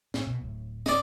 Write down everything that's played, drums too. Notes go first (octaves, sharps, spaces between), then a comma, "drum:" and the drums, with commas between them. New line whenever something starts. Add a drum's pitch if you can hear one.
A2, drum: snare
B2
D1 A2
D5 D#5, drum: snare